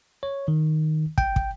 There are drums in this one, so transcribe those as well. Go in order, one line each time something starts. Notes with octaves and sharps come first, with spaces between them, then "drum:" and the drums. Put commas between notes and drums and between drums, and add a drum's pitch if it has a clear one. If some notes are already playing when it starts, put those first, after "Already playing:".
C#5
D#3
G5, drum: kick
drum: kick